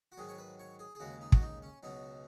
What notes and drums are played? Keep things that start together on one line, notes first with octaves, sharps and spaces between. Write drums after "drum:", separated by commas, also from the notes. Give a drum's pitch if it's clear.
F#4
G#2 D#3 F#3 G#4
C#5
B4
C#5
G#4
G#4
D#2 C#3 G#3 F#4
D#4
F#4, drum: kick
D#4
C#4
C#2 B2 F#3 D#4